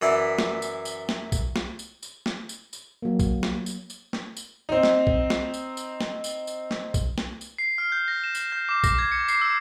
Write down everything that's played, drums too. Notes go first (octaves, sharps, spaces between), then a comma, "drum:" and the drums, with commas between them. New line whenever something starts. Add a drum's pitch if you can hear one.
F#2 E3 E4 D5
drum: snare
drum: tambourine
drum: tambourine
drum: snare
drum: kick B1, tambourine
drum: snare
drum: tambourine
drum: tambourine
drum: snare
drum: tambourine
drum: tambourine
F#3 A#3
drum: kick B1, tambourine
drum: snare
drum: tambourine
drum: tambourine
drum: snare
drum: tambourine
C4 D#4
drum: snare
drum: kick B1
drum: snare
drum: tambourine
drum: tambourine
drum: snare
drum: tambourine
drum: tambourine
drum: snare
drum: kick B1, tambourine
drum: snare
drum: tambourine
C7
F6
G6
A#6
E7
drum: tambourine
G6
D6
A#6, drum: kick B1, tambourine
G#6
C#7
C7, drum: tambourine
E6